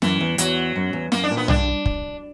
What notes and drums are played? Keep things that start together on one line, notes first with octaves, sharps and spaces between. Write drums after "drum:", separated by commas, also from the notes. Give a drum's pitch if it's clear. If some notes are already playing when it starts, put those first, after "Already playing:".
F#2 E3, drum: snare
E2
E2 F#3, drum: hi-hat
F#2
E2
F#2 A#3, drum: snare
D4
A#2
B3
G2 D4, drum: tom B1
drum: kick